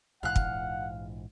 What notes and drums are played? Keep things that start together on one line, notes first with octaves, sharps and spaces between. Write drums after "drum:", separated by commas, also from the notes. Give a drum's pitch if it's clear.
A#1 G#2 E3 F5 F#5 F#6
drum: kick